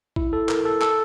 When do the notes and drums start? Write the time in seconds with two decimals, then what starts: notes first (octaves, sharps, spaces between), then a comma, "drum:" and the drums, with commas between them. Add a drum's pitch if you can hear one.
0.16 E4, drum: kick
0.33 A4
0.49 A#4, drum: clap
0.65 A4
0.81 A4, drum: clap